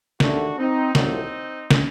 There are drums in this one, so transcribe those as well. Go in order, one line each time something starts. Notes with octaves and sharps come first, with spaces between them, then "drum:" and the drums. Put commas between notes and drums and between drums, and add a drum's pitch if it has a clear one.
D#2 D3 A3 D4 F#4, drum: snare
C4 D#4
C2 A#2 F#3 A3 C4 D#4, drum: snare
drum: snare